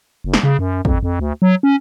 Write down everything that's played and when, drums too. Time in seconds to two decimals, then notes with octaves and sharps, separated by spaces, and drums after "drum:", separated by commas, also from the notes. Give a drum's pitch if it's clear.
0.24 F#1
0.34 drum: snare
0.43 C#3
0.59 F#2
0.85 F2, drum: kick
1.03 F2
1.20 D2
1.42 F#3
1.63 C#4